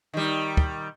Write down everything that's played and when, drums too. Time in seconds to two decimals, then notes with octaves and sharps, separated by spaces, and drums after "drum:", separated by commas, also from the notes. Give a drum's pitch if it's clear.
0.14 D#3 G3
0.57 drum: kick